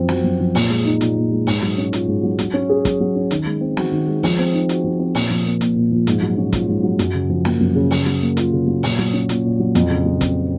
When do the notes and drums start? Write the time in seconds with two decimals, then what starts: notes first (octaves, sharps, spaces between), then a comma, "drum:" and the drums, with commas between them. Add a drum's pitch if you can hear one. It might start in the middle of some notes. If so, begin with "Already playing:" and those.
Already playing: F#2 F3 C4
0.09 F#4, drum: snare
0.24 F#2
0.40 F3
0.55 A#2, drum: open hi-hat
0.70 G#3
0.85 D#4
1.01 A#2, drum: hi-hat
1.16 A#2
1.31 G#3
1.47 G#2, drum: open hi-hat
1.62 F#3
1.78 C#4
1.93 F4, drum: hi-hat
2.08 G#2
2.23 F#3
2.39 F#3, drum: hi-hat
2.54 C#4
2.70 G#4
2.85 F#3, drum: kick, hi-hat
3.00 F#3
3.16 C#4
3.31 D#3, drum: hi-hat
3.46 G#3
3.61 C4
3.77 F#4, drum: snare
3.92 D#3
4.08 G#3
4.23 F3, drum: open hi-hat
4.39 C4
4.53 D#4
4.69 F#4, drum: hi-hat
4.84 F3
5.00 C4
5.15 A#2, drum: open hi-hat
5.30 F3
5.46 A#3
5.61 A#2, drum: hi-hat
5.76 A#2
5.92 F3
6.07 G#2, drum: hi-hat
6.23 F#3
6.38 C#4
6.52 F4, drum: kick, hi-hat
6.68 G#2
6.83 F#3
6.99 F#2, drum: hi-hat
7.14 C#3
7.30 F3
7.45 A#3, drum: snare
7.61 F#2
7.75 C#3
7.91 C#3, drum: open hi-hat
8.06 F#3
8.22 A#3
8.37 F4, drum: hi-hat
8.53 C#3
8.67 F#3
8.83 A#2, drum: open hi-hat
8.98 F#3
9.13 C#4
9.29 A#2, drum: hi-hat
9.45 A#2
9.60 F#3
9.75 F2, drum: hi-hat
9.90 C#3
10.06 F#3
10.21 C4, drum: kick, hi-hat